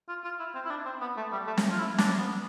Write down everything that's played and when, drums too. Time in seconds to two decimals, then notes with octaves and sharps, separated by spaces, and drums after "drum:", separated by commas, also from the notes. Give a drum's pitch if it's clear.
0.08 F4
0.24 F4
0.39 E4
0.55 C4
0.65 E4
0.70 D4
0.85 C4
1.01 B3
1.17 A3
1.32 G3
1.47 A3
1.58 drum: snare
1.71 F4
1.78 E4
1.98 D4, drum: snare
2.19 B3